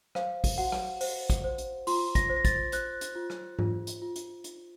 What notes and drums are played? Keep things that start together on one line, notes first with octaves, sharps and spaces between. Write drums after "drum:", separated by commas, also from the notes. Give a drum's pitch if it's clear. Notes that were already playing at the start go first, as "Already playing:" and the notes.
C5 F5, drum: rim click
drum: kick, open hi-hat
F#4 F#5
drum: rim click
C5, drum: open hi-hat
drum: kick, hi-hat
C5
drum: hi-hat
F4 C6, drum: open hi-hat
A#6, drum: kick, hi-hat
C5
A#6
A6, drum: kick, hi-hat
C5 F#6, drum: hi-hat
drum: hi-hat
F4
drum: rim click
F4, drum: tom G#2
drum: hi-hat
F4
drum: hi-hat
drum: hi-hat